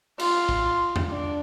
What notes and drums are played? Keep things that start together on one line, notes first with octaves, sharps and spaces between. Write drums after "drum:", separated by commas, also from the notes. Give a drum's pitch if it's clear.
F4, drum: cymbal
drum: kick
drum: tom E2
D4